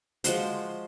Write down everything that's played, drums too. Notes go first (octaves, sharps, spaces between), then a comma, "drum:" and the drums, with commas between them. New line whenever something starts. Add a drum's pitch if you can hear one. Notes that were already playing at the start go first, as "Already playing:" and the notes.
F3 G#3 F#4 C5, drum: hi-hat